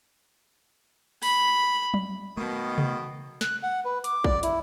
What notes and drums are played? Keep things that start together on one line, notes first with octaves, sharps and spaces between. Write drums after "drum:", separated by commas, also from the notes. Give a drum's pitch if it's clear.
B5, drum: open hi-hat
drum: tom F#3
B2 D#3 A3 B3
drum: tom C3
F#6, drum: snare
F#5
B4
D6, drum: hi-hat
D5, drum: kick
E4, drum: hi-hat